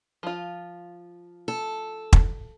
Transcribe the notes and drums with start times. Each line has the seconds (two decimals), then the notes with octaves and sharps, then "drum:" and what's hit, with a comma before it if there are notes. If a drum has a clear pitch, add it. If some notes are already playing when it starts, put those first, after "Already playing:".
0.23 F3 F4
1.48 A4
2.13 drum: kick